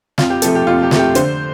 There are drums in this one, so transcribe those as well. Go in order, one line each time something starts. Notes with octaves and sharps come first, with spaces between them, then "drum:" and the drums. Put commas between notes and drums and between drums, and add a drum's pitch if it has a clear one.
F2 F4, drum: snare
G4
C3 F3 A3 A4, drum: hi-hat
G4
F2 F4
G4
C3 F3 A3, drum: snare
G4
D3 C5, drum: hi-hat